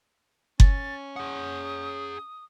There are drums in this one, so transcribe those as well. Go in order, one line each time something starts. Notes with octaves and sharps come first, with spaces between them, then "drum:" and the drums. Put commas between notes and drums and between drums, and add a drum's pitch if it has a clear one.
C#4 A6, drum: kick F#1
G#4 F#5 D#6